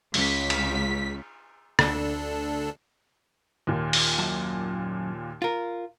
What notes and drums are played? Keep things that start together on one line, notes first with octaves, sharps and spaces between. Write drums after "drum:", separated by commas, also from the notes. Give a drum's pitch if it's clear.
C#2 B6, drum: open hi-hat
drum: cymbal
D2 D4 A4, drum: rim click
D#2 A#2
drum: open hi-hat
F#2 A5
F4 A#4